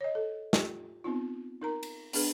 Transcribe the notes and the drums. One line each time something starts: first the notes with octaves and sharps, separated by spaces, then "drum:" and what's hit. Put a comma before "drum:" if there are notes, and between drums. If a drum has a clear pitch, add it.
C#5 D#5
A4
F4 G4, drum: snare
B3 C4 D#4 F4
D#4 A#4 A#5
drum: cymbal
B3 D4 G#4 B4, drum: open hi-hat